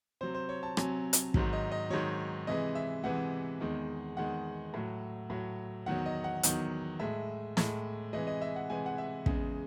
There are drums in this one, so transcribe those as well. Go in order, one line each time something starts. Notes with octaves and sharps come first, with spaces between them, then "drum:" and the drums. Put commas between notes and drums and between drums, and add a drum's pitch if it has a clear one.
C3 F#3 C5
C5
C#5
A5
C3 F#3 G#5, drum: rim click
drum: hi-hat
G#2 D#3 F#3, drum: kick
D#5
D#5
G#2 D#3 F#3 C#5
C3 E3 G#3 D#5
E5
C3 E3 G#3 F#5
E2 D#3 G#3
E2 D#3 G#3 F#5
A2 F#3
A2 F#3
E2 D#3 F#3 F#5
D#5
F#5
E2 D#3 F#3, drum: hi-hat
A2 G#3 E5
A2 G#3, drum: snare
C3 E3 G#3 D#5
D#5
E5
F#5
C3 E3 G#3 G#5
F#5
E5
E2 C#3 G#3, drum: kick